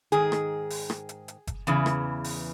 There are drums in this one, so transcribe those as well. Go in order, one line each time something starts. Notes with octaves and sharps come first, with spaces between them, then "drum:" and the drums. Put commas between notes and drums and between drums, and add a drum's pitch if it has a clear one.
G#2 D#3 G#4, drum: hi-hat
drum: rim click
drum: open hi-hat
drum: rim click
drum: hi-hat
drum: hi-hat
drum: kick F#1, hi-hat
E2 C#3 E3, drum: hi-hat
drum: rim click
drum: open hi-hat